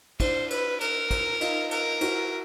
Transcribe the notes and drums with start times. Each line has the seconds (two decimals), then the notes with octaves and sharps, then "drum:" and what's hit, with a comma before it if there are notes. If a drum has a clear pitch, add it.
0.20 D4 E4 C5, drum: kick, cymbal
0.50 B4, drum: cymbal
0.81 A#4, drum: cymbal
1.11 drum: kick, cymbal
1.41 D#4 F4, drum: cymbal
1.71 A#4, drum: cymbal
2.01 E4 F#4, drum: cymbal